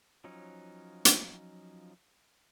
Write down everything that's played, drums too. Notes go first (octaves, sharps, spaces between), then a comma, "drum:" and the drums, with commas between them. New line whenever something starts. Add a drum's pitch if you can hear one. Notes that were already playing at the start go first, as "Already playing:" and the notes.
F3 F#3 C#4 D#4
drum: hi-hat